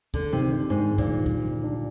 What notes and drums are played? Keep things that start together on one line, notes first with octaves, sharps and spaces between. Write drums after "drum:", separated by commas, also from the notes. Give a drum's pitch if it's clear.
D3 G#3, drum: kick
C3 D#3
D4
G#2 D#3
G#3
A#2, drum: kick
D#3
G3, drum: kick
D3
D4